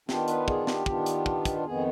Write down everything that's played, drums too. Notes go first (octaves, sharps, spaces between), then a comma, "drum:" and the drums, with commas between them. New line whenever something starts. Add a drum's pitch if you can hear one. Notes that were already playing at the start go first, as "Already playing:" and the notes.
D#3 B3 D4 F4 G4, drum: snare
B4, drum: hi-hat
G#4, drum: kick
G4, drum: snare
D#3 B3 D4 F4, drum: kick
drum: hi-hat
drum: kick
drum: kick, hi-hat
F2 D#3 B3 G#4